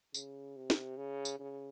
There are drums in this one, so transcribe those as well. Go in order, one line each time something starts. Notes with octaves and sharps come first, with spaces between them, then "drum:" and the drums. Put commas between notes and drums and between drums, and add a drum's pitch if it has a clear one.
C#3, drum: tambourine
C3
drum: snare
C#3
drum: tambourine
C#3